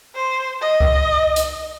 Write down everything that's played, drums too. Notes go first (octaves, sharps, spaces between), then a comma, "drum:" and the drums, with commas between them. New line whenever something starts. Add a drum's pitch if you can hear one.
C5
D#5
drum: kick C2
drum: hi-hat